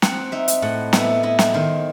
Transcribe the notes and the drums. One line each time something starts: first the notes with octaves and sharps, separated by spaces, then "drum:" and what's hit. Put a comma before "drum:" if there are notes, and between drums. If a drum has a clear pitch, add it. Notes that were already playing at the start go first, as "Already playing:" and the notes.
C4 F#5, drum: snare
D#4 E5
drum: hi-hat
A2 F#5
B3 E5, drum: snare
E4 D#5
drum: snare
D#3 C5